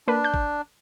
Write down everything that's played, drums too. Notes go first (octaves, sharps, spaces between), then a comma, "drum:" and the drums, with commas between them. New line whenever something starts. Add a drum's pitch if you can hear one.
A#3 D4 B4
G6
drum: kick